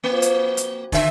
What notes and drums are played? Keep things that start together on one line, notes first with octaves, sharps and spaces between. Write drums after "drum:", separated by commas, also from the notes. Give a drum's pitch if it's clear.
F3 F#3 A#3 C4
drum: hi-hat
drum: hi-hat
D3 A#3 E5, drum: kick, open hi-hat